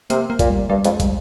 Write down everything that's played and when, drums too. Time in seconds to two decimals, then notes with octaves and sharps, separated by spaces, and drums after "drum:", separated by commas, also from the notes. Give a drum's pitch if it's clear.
0.10 C3 A#3, drum: hi-hat
0.30 A#3
0.39 A#2, drum: kick, hi-hat
0.50 G3
0.69 G2 G3
0.85 F2 G#3, drum: hi-hat
1.00 G3, drum: kick, hi-hat